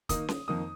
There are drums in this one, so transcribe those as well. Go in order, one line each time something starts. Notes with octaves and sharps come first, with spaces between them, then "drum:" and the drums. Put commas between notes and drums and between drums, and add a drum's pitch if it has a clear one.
D#3 A#3 D#4 D#6, drum: kick, hi-hat
drum: snare C#4
F2 D#3 A#3 D#4 D#6